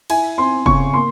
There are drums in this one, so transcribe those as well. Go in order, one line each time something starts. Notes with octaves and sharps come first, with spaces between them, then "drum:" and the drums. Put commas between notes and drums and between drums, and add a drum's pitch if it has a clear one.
E4 G#5, drum: cymbal
C4 C6
C#3 C#6, drum: kick
A#3 C6